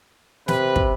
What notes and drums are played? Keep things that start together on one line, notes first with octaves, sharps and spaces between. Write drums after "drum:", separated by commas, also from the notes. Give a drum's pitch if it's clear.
C3 B4, drum: snare
drum: kick